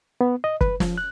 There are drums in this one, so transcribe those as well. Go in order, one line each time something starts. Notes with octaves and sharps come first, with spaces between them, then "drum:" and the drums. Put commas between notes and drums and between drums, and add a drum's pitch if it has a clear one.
B3
D#5
B4, drum: kick
F3, drum: snare
F#6